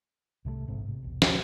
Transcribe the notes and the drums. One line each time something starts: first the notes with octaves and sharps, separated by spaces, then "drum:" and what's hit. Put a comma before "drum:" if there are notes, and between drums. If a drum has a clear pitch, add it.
C2 C3 F3 A3
A1 G#2 A3 C4
C3
E1 B1
drum: snare